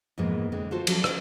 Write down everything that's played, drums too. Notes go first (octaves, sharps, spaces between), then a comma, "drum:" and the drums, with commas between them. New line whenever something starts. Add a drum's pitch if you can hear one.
F2 G#2 B2 E3 G#3 A#3
D3 G#3 C4
F4 F#4 A4 C5
F3 F#3 C#4 F#4 A4, drum: cymbal
C5, drum: rim click